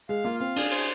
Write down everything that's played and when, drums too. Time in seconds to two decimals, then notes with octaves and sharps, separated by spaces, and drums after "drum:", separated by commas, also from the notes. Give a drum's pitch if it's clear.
0.09 G#3 F5
0.24 A#3 F4
0.40 C4 F5
0.56 D4 G#4, drum: cymbal
0.71 C5, drum: cymbal